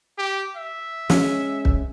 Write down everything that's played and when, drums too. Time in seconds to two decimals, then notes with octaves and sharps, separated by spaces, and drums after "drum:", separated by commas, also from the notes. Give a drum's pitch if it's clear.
0.18 G4
0.57 E5
1.10 G#3 C#4, drum: snare
1.65 drum: kick